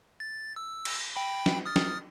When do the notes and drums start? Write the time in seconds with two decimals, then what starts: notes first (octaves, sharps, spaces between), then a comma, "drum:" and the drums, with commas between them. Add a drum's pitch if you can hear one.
0.20 A6
0.56 E6
0.85 drum: cymbal
1.16 G5 B5
1.46 drum: snare
1.66 D#6 F6 A6
1.76 drum: snare